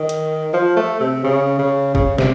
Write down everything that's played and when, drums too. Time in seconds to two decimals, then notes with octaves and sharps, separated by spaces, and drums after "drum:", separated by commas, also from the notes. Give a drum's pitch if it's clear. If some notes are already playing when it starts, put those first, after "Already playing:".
Already playing: D#3
0.09 drum: hi-hat
0.53 F3
0.77 A3
1.00 C3
1.24 C#3
1.59 C#3
1.95 C#3, drum: kick F#1
2.18 C3, drum: snare